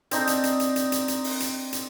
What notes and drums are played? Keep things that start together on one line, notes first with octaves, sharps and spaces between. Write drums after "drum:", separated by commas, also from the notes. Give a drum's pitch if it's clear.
C4 D4 D#4, drum: hi-hat
drum: hi-hat
drum: hi-hat
drum: hi-hat
drum: hi-hat
drum: hi-hat
drum: hi-hat
drum: open hi-hat
drum: hi-hat
drum: hi-hat